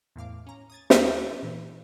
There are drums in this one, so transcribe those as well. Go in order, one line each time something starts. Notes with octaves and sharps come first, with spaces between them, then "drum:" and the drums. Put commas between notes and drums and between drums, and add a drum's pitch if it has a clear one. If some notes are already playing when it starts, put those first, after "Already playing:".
E2 A2 F5 D6
C#4 A#5
D#6 G#6 A6
D#2 C#4 A4, drum: snare
A#5 D6 A6 C#7
A#2 E3